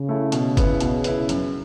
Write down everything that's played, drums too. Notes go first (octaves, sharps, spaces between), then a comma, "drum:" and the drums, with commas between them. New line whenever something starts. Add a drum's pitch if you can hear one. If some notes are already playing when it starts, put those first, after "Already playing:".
Already playing: C#3
A3 E4
B2, drum: hi-hat
B3 E4, drum: kick G1, hi-hat
B2, drum: hi-hat
B3 E4, drum: hi-hat
F#2, drum: hi-hat